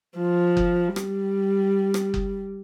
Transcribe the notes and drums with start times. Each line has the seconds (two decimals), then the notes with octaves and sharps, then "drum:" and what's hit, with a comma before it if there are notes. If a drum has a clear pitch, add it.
0.17 F3
0.57 drum: kick F#1
0.96 G3, drum: rim click
1.94 drum: rim click
2.14 drum: kick F#1